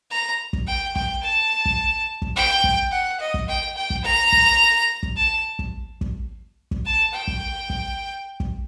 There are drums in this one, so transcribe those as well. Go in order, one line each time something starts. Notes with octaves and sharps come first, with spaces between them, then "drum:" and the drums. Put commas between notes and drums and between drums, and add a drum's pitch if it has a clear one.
A#5
drum: kick
G5
G5, drum: kick
A5
drum: kick
drum: kick
G5
drum: kick
F#5
D#5
drum: kick
G5
G5
drum: kick
A#5
drum: kick
drum: kick
A5
drum: kick
drum: kick
drum: kick
A5
G5
drum: kick
drum: kick
drum: kick